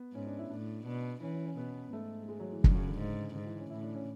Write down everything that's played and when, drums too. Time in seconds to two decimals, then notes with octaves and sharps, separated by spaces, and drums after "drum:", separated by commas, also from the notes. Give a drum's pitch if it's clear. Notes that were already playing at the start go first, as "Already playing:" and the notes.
Already playing: B3
0.14 G#2 C#4
0.27 D4
0.38 E4
0.50 A2 D4
0.86 B2 D4
1.22 E3 C#4
1.33 C#4
1.46 C#4
1.57 B2 B3
1.93 G#2 A3
2.23 A3
2.28 G#3
2.40 F#3
2.52 E3
2.64 F#2 D3, drum: kick
2.75 C#3
2.87 D3
2.99 G#2
3.35 G#2 D3
3.46 E3
3.58 C#4
3.70 A2 E4
3.83 D4
3.94 C#4